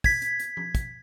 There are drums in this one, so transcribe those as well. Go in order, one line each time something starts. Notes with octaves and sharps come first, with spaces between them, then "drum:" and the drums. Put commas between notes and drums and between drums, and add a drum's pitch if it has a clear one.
G#6 B6, drum: kick, open hi-hat
drum: hi-hat
drum: hi-hat
drum: tom F3
drum: kick, hi-hat